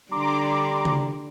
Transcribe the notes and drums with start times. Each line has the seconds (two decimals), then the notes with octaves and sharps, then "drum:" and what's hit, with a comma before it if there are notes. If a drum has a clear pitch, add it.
0.11 D3 G3 D4 A#5 C6 D6
0.85 drum: tom C#3